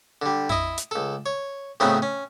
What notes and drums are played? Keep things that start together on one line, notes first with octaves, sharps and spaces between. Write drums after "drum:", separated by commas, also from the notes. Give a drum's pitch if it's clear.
D3 G3
E4 D#5, drum: tom F2
drum: hi-hat
C#2 A4
C#5
A2 C#3 B3 C4 D#4 F#4
C#4